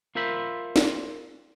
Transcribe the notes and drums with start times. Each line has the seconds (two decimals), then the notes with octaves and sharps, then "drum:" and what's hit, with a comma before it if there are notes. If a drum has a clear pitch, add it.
0.15 F4 A#4 C5 E5 B5
0.76 drum: snare